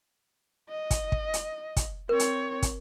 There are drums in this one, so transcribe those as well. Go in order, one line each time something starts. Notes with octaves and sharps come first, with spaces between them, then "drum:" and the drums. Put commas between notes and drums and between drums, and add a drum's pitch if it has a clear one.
D#5
drum: kick, hi-hat
drum: kick
drum: hi-hat
drum: kick, hi-hat
C4 A#4 C#5
drum: hi-hat
drum: kick, hi-hat